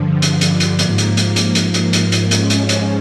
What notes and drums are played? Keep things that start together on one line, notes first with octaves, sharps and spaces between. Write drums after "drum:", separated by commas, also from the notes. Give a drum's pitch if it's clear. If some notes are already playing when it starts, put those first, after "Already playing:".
Already playing: G2 D3 F3
drum: hi-hat
drum: hi-hat
drum: hi-hat
G#2 F3 A#3, drum: hi-hat
drum: hi-hat
drum: hi-hat
drum: hi-hat
drum: hi-hat
drum: hi-hat
drum: hi-hat
drum: hi-hat
G#2 F3 G#3 C#4, drum: hi-hat
drum: hi-hat
drum: hi-hat